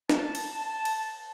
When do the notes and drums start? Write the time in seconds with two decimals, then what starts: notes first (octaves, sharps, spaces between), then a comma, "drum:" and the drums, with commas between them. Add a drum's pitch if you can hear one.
0.10 A5, drum: snare
0.35 drum: cymbal
0.85 drum: cymbal